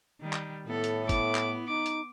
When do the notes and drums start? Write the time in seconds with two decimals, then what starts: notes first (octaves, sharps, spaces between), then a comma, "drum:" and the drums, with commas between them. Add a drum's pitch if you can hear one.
0.21 D#3 G3
0.33 drum: clap
0.66 A2 B3 A4
0.84 drum: hi-hat
1.09 B3 E4 D6, drum: kick F#1, hi-hat
1.35 drum: clap
1.68 D#4 D6
1.86 drum: hi-hat